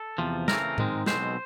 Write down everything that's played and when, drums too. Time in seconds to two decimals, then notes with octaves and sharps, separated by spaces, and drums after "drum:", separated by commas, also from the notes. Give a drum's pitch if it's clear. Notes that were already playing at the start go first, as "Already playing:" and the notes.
Already playing: A4
0.18 E2 C3 F3
0.48 C#3 E3 A3 C4 F4 A#4, drum: snare
0.78 G#2 D#3 G#3 C4 D#4, drum: tom A2
1.06 B1 B2 G#3 C4 C5, drum: snare